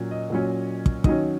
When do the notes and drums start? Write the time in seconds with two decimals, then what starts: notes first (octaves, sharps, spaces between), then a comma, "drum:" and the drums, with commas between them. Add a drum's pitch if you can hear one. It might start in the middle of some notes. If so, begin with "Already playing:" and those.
Already playing: A#2 F#3 C#4
0.11 D#5
0.30 A#2 F#3 C#4
0.86 drum: kick
1.04 D#3 F#3 C#4 D#5, drum: kick